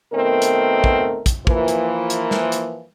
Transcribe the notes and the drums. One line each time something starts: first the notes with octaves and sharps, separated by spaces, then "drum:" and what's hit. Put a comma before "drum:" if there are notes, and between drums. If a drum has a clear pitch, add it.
B2 D#3 A3 B3 C4 A#4
drum: hi-hat
drum: kick
drum: kick, hi-hat
E3 F3 A#3, drum: kick
drum: hi-hat
drum: hi-hat
drum: snare
drum: hi-hat